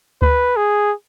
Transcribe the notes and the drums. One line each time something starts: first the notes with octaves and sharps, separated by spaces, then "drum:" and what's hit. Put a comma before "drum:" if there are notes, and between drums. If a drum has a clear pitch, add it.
B4, drum: kick D2
G#4